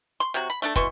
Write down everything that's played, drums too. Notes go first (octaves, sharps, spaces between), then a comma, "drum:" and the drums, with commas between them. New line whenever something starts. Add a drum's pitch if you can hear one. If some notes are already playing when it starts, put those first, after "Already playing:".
C6
C3 F#3 F#4
B5
A3 D4 A4
B2 E3 C6 C#6, drum: kick